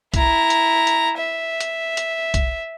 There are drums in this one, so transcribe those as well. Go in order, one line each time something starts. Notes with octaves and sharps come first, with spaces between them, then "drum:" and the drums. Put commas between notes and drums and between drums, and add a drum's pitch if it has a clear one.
E4 A#5, drum: kick B1, hi-hat
drum: hi-hat
drum: hi-hat
E5
drum: hi-hat
drum: hi-hat
drum: kick B1, hi-hat